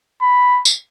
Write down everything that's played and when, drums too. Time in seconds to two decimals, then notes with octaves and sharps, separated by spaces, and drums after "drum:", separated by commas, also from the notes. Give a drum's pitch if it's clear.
0.22 B5
0.65 drum: tambourine